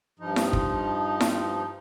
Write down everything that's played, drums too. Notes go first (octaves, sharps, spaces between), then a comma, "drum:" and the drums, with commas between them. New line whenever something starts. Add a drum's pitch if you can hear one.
G2 F3 D#4
drum: snare E4
drum: kick
drum: snare E4